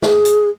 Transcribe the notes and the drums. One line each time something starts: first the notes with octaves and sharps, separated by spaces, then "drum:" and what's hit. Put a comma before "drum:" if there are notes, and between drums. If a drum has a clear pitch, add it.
G#4, drum: snare
drum: hi-hat